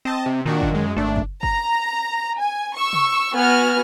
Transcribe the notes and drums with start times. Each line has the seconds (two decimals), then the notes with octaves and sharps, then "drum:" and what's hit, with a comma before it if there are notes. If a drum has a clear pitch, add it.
0.05 C4 D#5 A5
0.26 C3
0.46 A#2 D#3 D4 F#4
0.61 drum: kick F#1
0.71 F#2 G#3
0.96 G#1 A3 D4
1.16 drum: kick F#1
1.43 A#5, drum: kick F#1
2.40 G#5
2.77 C#6 E6
2.93 drum: tom C3
3.36 B3 F#4 G#5 F6